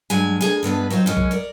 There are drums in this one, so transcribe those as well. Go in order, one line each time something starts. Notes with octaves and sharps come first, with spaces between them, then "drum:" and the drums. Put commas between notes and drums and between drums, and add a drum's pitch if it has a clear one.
G2 F#3 G#3 G#5
D2 G#4 G#5
G2 G#3 B3 D4
F#3 C4 D#4 F4
F#2 G#3 C#4
drum: kick B1
A#4 D5